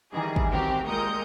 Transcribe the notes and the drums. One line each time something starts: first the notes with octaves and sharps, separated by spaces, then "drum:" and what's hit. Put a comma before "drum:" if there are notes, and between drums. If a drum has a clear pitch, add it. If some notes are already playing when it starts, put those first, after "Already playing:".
D#3 E3 G3 G#4
drum: kick
C4 F#4 G4 A#4 G5
A#2 G#3 A#4 D#6 G6 C#7